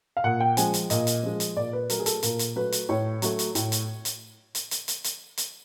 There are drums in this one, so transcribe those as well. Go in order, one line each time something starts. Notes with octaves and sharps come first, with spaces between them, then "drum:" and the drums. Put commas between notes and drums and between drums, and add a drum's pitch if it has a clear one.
F5
A#2 F#5
G5
F3 G#3 G#5, drum: hi-hat
drum: hi-hat
A#2 D#5, drum: hi-hat
drum: hi-hat
F3 G#3
drum: hi-hat
A#2 D5
B4
F#3 A3 A#4, drum: hi-hat
G#4
A4, drum: hi-hat
A#2 A#4, drum: hi-hat
drum: hi-hat
F#3 A3 B4
drum: hi-hat
A2 C#5
F#3 A3, drum: hi-hat
drum: hi-hat
A2, drum: hi-hat
drum: hi-hat
drum: hi-hat
drum: hi-hat
drum: hi-hat
drum: hi-hat
drum: hi-hat
drum: hi-hat